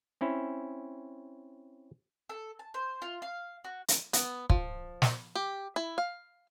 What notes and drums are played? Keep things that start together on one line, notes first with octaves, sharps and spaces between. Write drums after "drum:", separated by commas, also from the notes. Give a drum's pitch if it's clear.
C4 C#4 E4
A4
A5
C5
F4
F5
F#4
drum: hi-hat
B3, drum: hi-hat
F3, drum: kick
drum: snare
G4
E4
F5